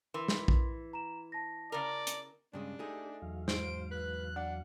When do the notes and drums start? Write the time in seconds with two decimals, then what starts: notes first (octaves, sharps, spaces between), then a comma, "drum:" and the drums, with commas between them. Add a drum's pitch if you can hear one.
0.14 E3 A#4 C6
0.28 drum: snare
0.48 drum: kick A#1
0.93 A#5 E7
1.32 A5 A#6
1.72 C#3 A#4 D5
2.07 drum: hi-hat
2.53 G2 C#3 G#3 D4
2.79 A3 D#4 G4 G#4
3.22 E2 F#3 F5
3.48 G#2 C5 D7, drum: snare
3.91 B4 F#6
4.36 D4 D5 F#5